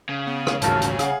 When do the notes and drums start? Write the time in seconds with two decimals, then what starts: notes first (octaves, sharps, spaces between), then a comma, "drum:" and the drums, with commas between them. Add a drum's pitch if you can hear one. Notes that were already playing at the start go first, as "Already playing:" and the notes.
0.09 C#3
0.27 B3
0.47 drum: rim click
0.62 D#1 A1 G#2 F#4 A#4 A5 F6, drum: hi-hat
0.82 drum: hi-hat
0.99 G#4 C#5 F5 F#5, drum: hi-hat